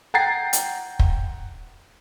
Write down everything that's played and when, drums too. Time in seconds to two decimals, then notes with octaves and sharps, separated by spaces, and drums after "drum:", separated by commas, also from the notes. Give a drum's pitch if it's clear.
0.14 F#5 G5 A#5 G#6 A6 C7
0.53 drum: hi-hat
0.99 drum: kick